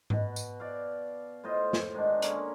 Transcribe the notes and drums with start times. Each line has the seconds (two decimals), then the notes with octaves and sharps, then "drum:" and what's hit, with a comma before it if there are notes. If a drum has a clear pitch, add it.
0.10 B2, drum: tom G#2
0.36 drum: tambourine
0.60 D5 F5
1.44 A2 F4 C5 D#5
1.73 drum: snare
1.95 G#2 D#3 D4
2.22 D3 A#3 C#4, drum: hi-hat